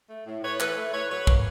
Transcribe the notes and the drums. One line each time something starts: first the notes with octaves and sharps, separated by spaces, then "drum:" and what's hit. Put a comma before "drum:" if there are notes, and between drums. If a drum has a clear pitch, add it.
A3
A2
A2 B4 C#5
E3 A4 B4, drum: clap
A3
A2 B4 C#5
F#3 B4 C#5
A#3, drum: kick